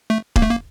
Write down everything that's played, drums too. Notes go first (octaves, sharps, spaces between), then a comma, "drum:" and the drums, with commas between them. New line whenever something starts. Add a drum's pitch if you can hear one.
A3
A#3, drum: kick D#1
A3
A#3